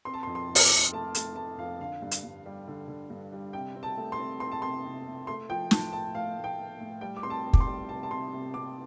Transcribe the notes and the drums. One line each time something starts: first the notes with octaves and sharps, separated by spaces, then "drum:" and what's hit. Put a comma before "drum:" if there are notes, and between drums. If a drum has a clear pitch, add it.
C4 C6
A5
C6
F2
C6
F2
F6, drum: open hi-hat
D6
C4
A3 A5
A3 A5, drum: hi-hat
A3 A5
F2 F5
D3 F5
G2
drum: hi-hat
G2
G3
D3
D3
G2
G3
C3 G5
C4
A5
A3
C6
C4
C4 C6
A5
C3 C6
C3
C3
A3 C6
F3 G5
A2 A5, drum: snare
A2 A5
A3 F5
A2
G5
A3
A2
G3 G5
D6
C4 C6
A5
C4
D6, drum: kick
C6
G3
C3 A5
A5
C3 C6
C3
C3 D6